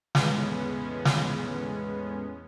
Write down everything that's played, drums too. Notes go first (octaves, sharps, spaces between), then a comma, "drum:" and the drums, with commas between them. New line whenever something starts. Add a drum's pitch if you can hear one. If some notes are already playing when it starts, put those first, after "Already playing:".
E2 A2 G#3 B3 C#4, drum: snare
drum: snare